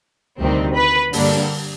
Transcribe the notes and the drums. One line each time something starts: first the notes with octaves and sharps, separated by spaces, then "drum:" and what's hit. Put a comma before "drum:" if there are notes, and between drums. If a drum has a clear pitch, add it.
D2 C3 D#3 G3 C4
B4 B5
G2 D3 G3 A#3 D4, drum: open hi-hat